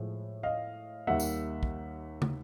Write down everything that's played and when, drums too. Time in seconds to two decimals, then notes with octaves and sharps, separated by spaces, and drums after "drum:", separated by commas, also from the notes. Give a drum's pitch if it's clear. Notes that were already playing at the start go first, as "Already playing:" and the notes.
Already playing: A2 F3 G#3
0.43 D#5 F5
1.07 D#2 D#3 G3 A#3 E5 F#5
1.20 drum: tambourine
1.63 drum: kick
2.22 drum: tom